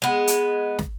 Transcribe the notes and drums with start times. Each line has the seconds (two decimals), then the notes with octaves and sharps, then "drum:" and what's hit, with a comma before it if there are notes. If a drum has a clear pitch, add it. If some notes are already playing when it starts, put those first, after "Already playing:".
0.02 G#3 B3
0.27 drum: hi-hat
0.79 drum: snare